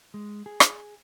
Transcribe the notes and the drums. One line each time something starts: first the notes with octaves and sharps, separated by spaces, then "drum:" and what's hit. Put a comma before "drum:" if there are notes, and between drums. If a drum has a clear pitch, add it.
G#3
G#4
drum: rim click